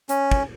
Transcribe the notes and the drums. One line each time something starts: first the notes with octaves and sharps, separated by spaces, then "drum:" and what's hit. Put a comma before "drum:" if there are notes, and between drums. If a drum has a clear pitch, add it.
C#4, drum: hi-hat
drum: kick